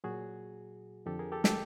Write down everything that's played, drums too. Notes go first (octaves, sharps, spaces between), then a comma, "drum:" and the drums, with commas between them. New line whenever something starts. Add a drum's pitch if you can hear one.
A#2 F#3 F#4 G#4
F2 D3 F3 G4 A4
G#4 A#4
G4 A4
G4 A4, drum: snare